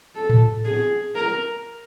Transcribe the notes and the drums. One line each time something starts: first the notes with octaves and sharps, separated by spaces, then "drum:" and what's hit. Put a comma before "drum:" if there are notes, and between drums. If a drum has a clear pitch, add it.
A4
drum: tom A2
G#4
A#4